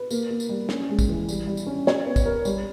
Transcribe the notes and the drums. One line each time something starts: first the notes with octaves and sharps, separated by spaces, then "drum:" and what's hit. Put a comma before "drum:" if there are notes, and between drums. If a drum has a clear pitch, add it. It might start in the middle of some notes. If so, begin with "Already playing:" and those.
Already playing: B4
A#3, drum: tambourine
A#3
drum: tambourine
G3
C#4, drum: snare
G#3
drum: kick, tambourine
E3
G3, drum: tambourine
G3
drum: tambourine
C#4
C#5, drum: snare
B3
drum: kick, tambourine
A#4
G3, drum: tambourine